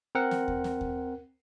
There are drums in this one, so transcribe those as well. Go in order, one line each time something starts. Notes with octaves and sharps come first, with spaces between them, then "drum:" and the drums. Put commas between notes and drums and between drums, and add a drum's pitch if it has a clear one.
C4 A#4 F#5
drum: snare
drum: kick D#2
drum: snare
drum: kick D#2